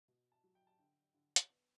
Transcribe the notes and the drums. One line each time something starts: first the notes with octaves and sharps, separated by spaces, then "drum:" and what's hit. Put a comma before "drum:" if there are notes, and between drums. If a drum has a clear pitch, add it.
B2
A5
F#3
G5
A5
D3 G5
D3
drum: hi-hat
B3